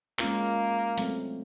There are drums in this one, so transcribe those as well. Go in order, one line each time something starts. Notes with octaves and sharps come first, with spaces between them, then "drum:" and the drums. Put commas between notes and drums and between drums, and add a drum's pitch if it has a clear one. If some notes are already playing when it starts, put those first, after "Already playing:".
G#3 A#3 C#4 F4 A#4, drum: clap
F#3 A3 C4, drum: hi-hat